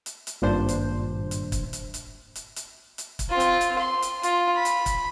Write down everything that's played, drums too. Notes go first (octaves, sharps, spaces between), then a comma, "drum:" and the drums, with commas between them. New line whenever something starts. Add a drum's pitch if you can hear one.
drum: hi-hat
drum: hi-hat
G#1 G2 A#2 D4 C5
drum: hi-hat
drum: hi-hat
drum: kick, hi-hat
drum: hi-hat
drum: hi-hat
drum: hi-hat
drum: hi-hat
drum: hi-hat
drum: kick, hi-hat
C4 F4
drum: hi-hat
drum: hi-hat
C6
drum: hi-hat
F4, drum: hi-hat
B5
drum: hi-hat
drum: kick, hi-hat